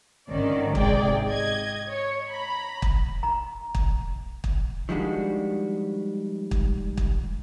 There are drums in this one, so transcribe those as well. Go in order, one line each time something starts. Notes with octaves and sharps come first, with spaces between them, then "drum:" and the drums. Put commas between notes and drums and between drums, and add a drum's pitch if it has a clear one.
G#1 D3 D#3 C#4 D5
G#2 C3 G#3 G#4 D5 G5, drum: kick
D#5 G#6
C#5
A#5 B5
drum: kick
A#5
drum: kick
drum: kick
D#3 F3 G3 G#3 D4 F#4
drum: kick
drum: kick